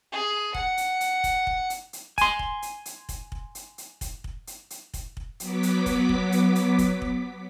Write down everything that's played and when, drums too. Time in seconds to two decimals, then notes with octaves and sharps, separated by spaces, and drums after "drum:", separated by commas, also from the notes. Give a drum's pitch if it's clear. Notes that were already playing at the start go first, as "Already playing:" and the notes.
0.12 G#4
0.54 F#5, drum: kick
0.77 drum: hi-hat
1.01 drum: hi-hat
1.24 drum: kick, hi-hat
1.47 drum: kick
1.70 drum: hi-hat
1.93 drum: hi-hat
2.18 G#5 C6, drum: kick, hi-hat
2.39 drum: kick
2.62 drum: hi-hat
2.86 drum: hi-hat
3.09 drum: kick, hi-hat
3.32 drum: kick
3.55 drum: hi-hat
3.78 drum: hi-hat
4.01 drum: kick, hi-hat
4.24 drum: kick
4.47 drum: hi-hat
4.70 drum: hi-hat
4.94 drum: kick, hi-hat
5.17 drum: kick
5.40 F#3 B3 D6 B6, drum: hi-hat
5.63 drum: hi-hat
5.86 drum: kick, hi-hat
6.09 drum: kick
6.32 drum: hi-hat
6.55 drum: hi-hat
6.78 drum: kick, hi-hat
7.02 drum: kick